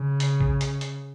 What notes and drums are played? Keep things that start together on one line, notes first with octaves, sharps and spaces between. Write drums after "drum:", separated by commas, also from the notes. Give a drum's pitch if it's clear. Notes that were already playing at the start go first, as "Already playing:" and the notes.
Already playing: C#3
drum: hi-hat
drum: kick A#1
drum: hi-hat
drum: hi-hat